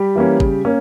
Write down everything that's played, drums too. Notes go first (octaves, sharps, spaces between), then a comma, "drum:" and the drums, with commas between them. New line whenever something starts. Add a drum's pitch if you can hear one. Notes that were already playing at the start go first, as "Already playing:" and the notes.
Already playing: G3 G4
E3 A#3 C#4
C#3, drum: kick
A#3 C#4